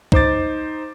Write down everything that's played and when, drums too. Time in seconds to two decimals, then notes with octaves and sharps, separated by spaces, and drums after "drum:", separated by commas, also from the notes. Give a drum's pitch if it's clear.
0.12 D#4 C5 D6 A6, drum: kick